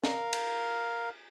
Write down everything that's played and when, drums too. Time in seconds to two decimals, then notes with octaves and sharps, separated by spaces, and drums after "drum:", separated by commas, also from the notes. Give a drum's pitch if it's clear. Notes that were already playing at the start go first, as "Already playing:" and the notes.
0.04 A#4 F5, drum: snare
0.33 drum: cymbal